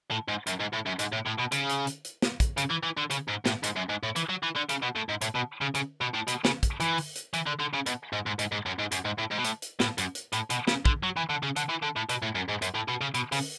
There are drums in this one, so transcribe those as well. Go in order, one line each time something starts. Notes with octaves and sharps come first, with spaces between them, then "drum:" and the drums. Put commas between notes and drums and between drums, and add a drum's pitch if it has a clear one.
A2
G#2
F#2, drum: hi-hat
G#2
A2
F#2
G#2, drum: hi-hat
A2
A2
B2
C#3, drum: hi-hat
drum: hi-hat
drum: hi-hat
drum: hi-hat
drum: snare
drum: kick, hi-hat
C#3, drum: hi-hat
E3
E3
D3
C#3, drum: hi-hat
G#2
A2, drum: snare
G#2, drum: hi-hat
F#2
G#2
A2
E3, drum: hi-hat
F#3
E3
D3
C#3, drum: hi-hat
B2
A2
G#2
A2, drum: hi-hat
B2
C#3
C#3, drum: hi-hat
B2
A2
B2, drum: hi-hat
C#3, drum: snare
drum: kick, hi-hat
E3, drum: hi-hat
drum: open hi-hat
drum: hi-hat
E3, drum: hi-hat
D3
D3
C#3
B2, drum: hi-hat
G#2
G#2
G#2, drum: hi-hat
G#2
F#2
G#2
F#2, drum: hi-hat
G#2
A2
G#2
B2
A2, drum: hi-hat
drum: hi-hat
A2, drum: snare
F#2, drum: hi-hat
drum: hi-hat
A2, drum: hi-hat
B2, drum: hi-hat
C#3, drum: snare
D3, drum: kick
F#3
E3
D3
C#3
D3, drum: hi-hat
E3
D3
A2
B2, drum: hi-hat
A2
F#2
G#2
F#2, drum: hi-hat
A2
B2
C#3
B2, drum: hi-hat
C#3, drum: open hi-hat